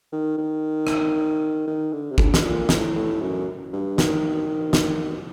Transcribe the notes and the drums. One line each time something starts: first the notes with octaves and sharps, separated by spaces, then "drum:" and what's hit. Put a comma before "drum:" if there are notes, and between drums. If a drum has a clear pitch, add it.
D#3
D#3
drum: rim click
D#3
D3
C3
D3, drum: kick
drum: snare
A#2
A2, drum: snare
A2
F#2
G2
D#3, drum: snare
drum: snare